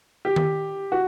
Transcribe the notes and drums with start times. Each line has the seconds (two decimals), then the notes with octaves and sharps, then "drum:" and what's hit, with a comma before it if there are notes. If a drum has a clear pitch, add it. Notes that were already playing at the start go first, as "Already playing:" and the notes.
0.25 G4
0.36 drum: tom D#3
0.92 F#4